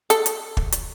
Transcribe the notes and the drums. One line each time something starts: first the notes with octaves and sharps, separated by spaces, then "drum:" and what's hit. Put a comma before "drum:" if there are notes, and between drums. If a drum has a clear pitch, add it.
A4, drum: hi-hat
drum: hi-hat
drum: kick
drum: hi-hat